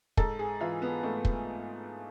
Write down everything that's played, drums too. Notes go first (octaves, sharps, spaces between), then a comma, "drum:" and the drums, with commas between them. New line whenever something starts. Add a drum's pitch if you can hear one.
G#2 A4, drum: kick
G#4
E3 F4
B3
G#2 A3
drum: kick